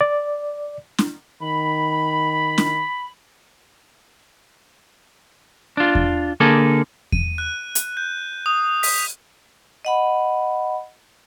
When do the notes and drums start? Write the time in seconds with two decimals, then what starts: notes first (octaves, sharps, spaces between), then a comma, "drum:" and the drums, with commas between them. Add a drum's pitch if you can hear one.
0.01 D5
0.98 drum: snare
1.41 D#3 B5
2.58 drum: snare
5.77 D4 F4
5.95 drum: kick E2
6.40 D3 A#3 G#4 A4
7.12 D#7, drum: kick E2
7.38 F#6
7.75 drum: hi-hat
7.97 G6
8.46 D#6
8.83 B6, drum: open hi-hat
9.85 D#5 F#5 B5